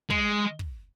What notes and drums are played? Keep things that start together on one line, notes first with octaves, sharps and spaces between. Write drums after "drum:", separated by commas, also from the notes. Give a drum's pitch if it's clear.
G#3, drum: kick
drum: kick